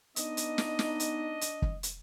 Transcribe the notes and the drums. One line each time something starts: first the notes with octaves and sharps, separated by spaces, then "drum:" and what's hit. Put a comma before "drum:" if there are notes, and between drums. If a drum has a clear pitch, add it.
B3 D4 D#4 D#5, drum: hi-hat
drum: hi-hat
drum: snare
drum: snare
drum: hi-hat
drum: hi-hat
drum: kick
drum: hi-hat